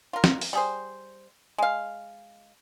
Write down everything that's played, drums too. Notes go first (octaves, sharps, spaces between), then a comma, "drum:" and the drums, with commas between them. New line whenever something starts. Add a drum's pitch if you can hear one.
F4 A#4
drum: snare
drum: open hi-hat
G3 G#4 C5
G#3 F5